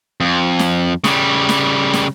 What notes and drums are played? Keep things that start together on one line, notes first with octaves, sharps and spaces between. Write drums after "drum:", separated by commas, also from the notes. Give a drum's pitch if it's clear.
F2
drum: snare
C#3 G3, drum: snare
drum: snare
drum: snare